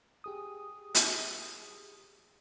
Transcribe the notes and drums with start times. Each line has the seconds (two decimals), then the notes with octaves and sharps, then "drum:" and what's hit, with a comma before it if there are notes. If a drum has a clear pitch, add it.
0.24 G4 G#4 D#6
0.95 drum: hi-hat